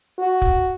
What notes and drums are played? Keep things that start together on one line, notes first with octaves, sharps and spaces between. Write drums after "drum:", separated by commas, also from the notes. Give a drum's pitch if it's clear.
F#4
drum: kick